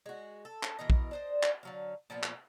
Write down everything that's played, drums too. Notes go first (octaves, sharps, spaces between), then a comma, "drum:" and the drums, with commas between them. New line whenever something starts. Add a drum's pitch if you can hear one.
G#3 F#4
A4
drum: clap
B2 E3 A#4 D#5
drum: kick
D4 C5 D#5
drum: clap
D3 F#3 F5
A#2 F3 B3 F4
drum: clap